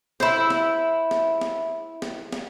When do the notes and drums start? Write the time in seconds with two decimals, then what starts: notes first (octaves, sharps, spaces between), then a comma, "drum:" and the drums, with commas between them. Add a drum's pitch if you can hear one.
0.20 E4 C5, drum: snare
0.50 drum: snare
1.11 drum: snare
1.41 drum: snare
2.02 drum: snare
2.33 drum: snare